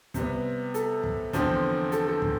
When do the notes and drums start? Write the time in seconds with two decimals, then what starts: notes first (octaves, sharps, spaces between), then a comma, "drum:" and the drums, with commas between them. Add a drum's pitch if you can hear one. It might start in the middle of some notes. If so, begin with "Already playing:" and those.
0.14 C3 G3 B3, drum: kick, hi-hat
0.74 A4, drum: hi-hat
1.04 drum: kick
1.33 E2 D3 F3 C4, drum: kick, hi-hat
1.92 A4, drum: hi-hat
2.07 A4
2.22 drum: kick